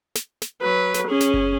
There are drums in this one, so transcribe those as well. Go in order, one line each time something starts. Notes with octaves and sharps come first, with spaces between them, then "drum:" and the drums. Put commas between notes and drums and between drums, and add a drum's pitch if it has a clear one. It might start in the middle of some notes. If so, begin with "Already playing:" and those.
drum: snare
drum: snare
F#3 B4
drum: snare
C#4 G#4
drum: snare
drum: kick F#1